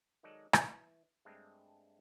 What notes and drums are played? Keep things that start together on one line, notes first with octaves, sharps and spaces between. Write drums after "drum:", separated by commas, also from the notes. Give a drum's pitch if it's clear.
D#3 F#3 G#3 D#4 A4 D5
E3, drum: rim click
G2 G#3 A3 C4 D4